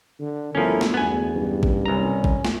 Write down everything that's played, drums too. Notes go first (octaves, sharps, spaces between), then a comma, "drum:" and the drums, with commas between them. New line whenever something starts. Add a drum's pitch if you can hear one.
D3
G1 D2 F3 C#4 E4 A4 A#4
drum: snare
E2 B3 G#5
F#1 G2
drum: kick G#1
C2 C#4 A#5
drum: kick G#1
drum: snare